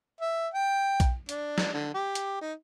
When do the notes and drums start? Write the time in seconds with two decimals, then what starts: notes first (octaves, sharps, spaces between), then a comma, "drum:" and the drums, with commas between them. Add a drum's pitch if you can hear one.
0.21 E5
0.54 G5
1.00 drum: kick B1, hi-hat
1.29 D4, drum: hi-hat
1.58 drum: snare
1.74 D3
1.94 G4
2.15 drum: hi-hat
2.41 D#4